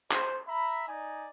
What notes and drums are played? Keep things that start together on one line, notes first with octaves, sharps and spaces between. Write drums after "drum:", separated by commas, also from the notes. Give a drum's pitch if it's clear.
C5, drum: clap
E5 A#5 B5
D#4 D5 G#5